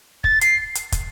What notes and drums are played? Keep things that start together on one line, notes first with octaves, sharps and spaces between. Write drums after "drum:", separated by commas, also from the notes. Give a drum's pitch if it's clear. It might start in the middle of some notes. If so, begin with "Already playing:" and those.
A6, drum: kick
C7, drum: hi-hat
drum: hi-hat
drum: kick, hi-hat